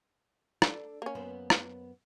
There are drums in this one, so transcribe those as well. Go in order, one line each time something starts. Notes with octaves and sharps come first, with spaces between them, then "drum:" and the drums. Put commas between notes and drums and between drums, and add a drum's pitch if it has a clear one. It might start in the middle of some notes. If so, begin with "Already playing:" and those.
D4 A4, drum: rim click
A#3 C#4
F#2 B3 C5
drum: rim click